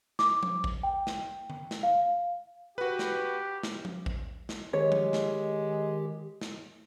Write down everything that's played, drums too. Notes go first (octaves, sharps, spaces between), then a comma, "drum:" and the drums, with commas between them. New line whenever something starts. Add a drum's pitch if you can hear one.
D6, drum: snare
drum: tom F3
drum: kick A#1
G5
drum: snare
drum: tom D3
drum: snare
F5
F#4 G4 B4
drum: snare
drum: snare
drum: tom F3
drum: kick A#1
drum: snare
D#3 G#3 G4 C#5
drum: tom F3
drum: snare
drum: snare